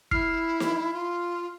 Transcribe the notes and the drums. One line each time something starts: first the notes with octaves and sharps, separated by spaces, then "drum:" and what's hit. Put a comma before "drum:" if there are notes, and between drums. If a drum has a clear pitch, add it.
E4 F6 C7, drum: kick
drum: snare
F4